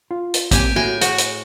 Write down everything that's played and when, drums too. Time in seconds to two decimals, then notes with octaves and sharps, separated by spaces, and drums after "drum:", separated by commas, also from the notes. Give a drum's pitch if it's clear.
0.11 F4
0.34 drum: hi-hat
0.51 A#3 C4 G4 G#5, drum: kick, hi-hat
0.76 A2 F#4 G5 G#5
1.01 F#4 G#4 F#5, drum: hi-hat
1.18 drum: hi-hat